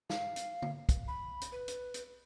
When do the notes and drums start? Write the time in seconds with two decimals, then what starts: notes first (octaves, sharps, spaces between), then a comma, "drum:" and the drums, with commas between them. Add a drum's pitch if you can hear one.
0.10 F5, drum: snare
0.36 drum: hi-hat
0.62 drum: tom D3
0.89 drum: kick, hi-hat
1.08 B5
1.41 drum: hi-hat
1.52 B4
1.68 drum: hi-hat
1.94 drum: hi-hat